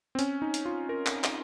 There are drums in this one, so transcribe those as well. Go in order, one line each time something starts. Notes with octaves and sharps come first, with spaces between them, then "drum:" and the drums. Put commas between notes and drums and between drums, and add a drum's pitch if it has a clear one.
C4
C#4, drum: hi-hat
D#4
drum: hi-hat
F4
A#4
drum: clap
drum: clap